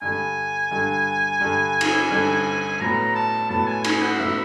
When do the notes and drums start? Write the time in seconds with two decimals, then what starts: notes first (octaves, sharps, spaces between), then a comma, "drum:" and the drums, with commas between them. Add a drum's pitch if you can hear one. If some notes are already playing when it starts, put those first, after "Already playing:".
0.02 G2 D3 G3 G#5
0.71 G2 D3 G3
1.41 G2 D3 G3
1.81 drum: cymbal
2.10 G2 D3 G3
2.80 A2 F#3 B3 A#5
3.15 A5
3.50 A2 F#3 B3 A5
3.67 G#5
3.84 G#5, drum: cymbal
4.02 F#5
4.19 A2 F#3 B3 E5